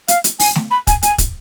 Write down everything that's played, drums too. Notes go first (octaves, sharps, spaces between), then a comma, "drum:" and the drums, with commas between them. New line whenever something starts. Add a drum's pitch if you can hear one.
F5, drum: hi-hat
drum: hi-hat
G#5, drum: open hi-hat
drum: snare A3
B5
G#5, drum: kick, hi-hat
G#5, drum: hi-hat
drum: kick, hi-hat